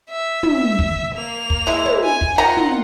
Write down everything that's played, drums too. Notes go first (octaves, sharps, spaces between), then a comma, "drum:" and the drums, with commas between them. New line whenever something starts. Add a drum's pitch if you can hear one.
E5
drum: tom
drum: kick
A#3 F7
drum: kick
G#3 E4
drum: tom
G#5
drum: kick
D#3 F4 F#5 A#5
drum: tom